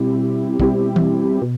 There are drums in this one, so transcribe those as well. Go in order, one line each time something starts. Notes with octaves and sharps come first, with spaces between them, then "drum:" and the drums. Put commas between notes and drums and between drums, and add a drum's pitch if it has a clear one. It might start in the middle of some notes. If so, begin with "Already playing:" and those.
Already playing: B2 G3 C4 E4 G4
B2 G3 C4 E4 G4, drum: kick
drum: tom E3
B2